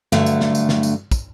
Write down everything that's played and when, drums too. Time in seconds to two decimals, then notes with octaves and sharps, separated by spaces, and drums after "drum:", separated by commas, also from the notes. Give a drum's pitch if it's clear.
0.12 G2 D3 F#3 A3, drum: snare
0.26 drum: tambourine
0.41 drum: snare
0.55 drum: tambourine
0.69 drum: snare
0.83 drum: tambourine
1.11 drum: kick, tambourine